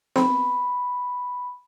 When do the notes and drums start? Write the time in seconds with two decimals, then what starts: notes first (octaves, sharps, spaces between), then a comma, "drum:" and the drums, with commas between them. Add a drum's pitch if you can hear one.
0.16 C4 B5, drum: snare B3